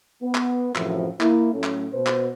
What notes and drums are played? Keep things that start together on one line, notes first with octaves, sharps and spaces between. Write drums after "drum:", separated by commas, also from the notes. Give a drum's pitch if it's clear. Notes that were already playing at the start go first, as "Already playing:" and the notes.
B3
drum: clap
F#2 A2 C3 E3 F3, drum: clap
A#3 E4, drum: clap
A2 F#3 A3 C#4
drum: clap
B2 B4 C5
drum: clap